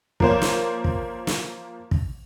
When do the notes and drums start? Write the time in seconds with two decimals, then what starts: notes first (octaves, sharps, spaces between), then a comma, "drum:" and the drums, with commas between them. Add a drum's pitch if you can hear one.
0.20 F3 A#3 C5 C#5 A#5, drum: kick
0.42 drum: snare
0.84 drum: kick
1.27 drum: snare
1.91 drum: kick